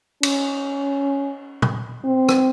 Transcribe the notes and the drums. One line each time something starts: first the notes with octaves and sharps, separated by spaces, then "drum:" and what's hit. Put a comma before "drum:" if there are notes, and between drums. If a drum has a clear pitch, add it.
C#4, drum: cymbal
drum: tom
C4
drum: rim click